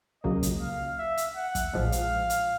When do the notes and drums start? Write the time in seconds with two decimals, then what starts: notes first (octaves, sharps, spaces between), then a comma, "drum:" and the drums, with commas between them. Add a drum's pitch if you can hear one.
0.23 C#2 C#3 F#3 A#3 D#5
0.43 drum: kick, hi-hat
0.61 F5
0.99 E5
1.17 drum: hi-hat
1.36 F#5
1.55 drum: kick, hi-hat
1.73 A#1 A2 F3 G#3 F5
1.92 drum: hi-hat
2.30 drum: hi-hat